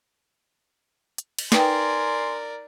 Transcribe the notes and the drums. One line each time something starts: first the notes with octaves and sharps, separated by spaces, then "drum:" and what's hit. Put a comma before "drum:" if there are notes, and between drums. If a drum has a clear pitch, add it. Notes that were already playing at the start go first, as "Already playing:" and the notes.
drum: hi-hat
drum: cymbal
D#4 A#4 B4 D5 G5 G#5 C6, drum: snare